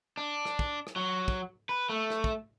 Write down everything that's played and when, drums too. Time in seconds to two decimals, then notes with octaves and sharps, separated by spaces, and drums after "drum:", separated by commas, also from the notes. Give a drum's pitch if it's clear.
0.17 D4
0.45 drum: rim click
0.59 drum: kick
0.87 drum: rim click
0.96 F#3
1.28 drum: kick
1.69 B4
1.89 A3
2.10 drum: rim click
2.24 drum: kick